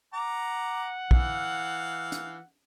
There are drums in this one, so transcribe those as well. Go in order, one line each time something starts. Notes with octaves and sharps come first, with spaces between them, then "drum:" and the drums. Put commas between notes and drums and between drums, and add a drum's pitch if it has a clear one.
F#5 A#5 D6
E3 F5, drum: kick
drum: hi-hat